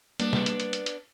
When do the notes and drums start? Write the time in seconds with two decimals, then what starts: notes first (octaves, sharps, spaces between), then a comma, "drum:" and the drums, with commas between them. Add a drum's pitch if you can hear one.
0.20 G3 A#3 B3 D4, drum: hi-hat
0.33 drum: snare
0.46 drum: hi-hat
0.60 drum: hi-hat
0.73 drum: hi-hat
0.86 drum: hi-hat